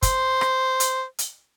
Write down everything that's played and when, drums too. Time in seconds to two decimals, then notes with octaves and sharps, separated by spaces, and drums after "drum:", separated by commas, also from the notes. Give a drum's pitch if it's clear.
0.03 C5, drum: kick, hi-hat
0.41 drum: rim click
0.80 drum: hi-hat
1.19 drum: hi-hat